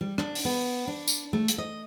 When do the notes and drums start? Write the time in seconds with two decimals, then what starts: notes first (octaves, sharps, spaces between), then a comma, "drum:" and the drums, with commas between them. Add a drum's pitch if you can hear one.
0.01 G3
0.18 D4, drum: rim click
0.35 drum: open hi-hat
0.45 B3
0.87 D4
1.08 drum: tambourine
1.33 A3
1.48 drum: hi-hat
1.58 D#5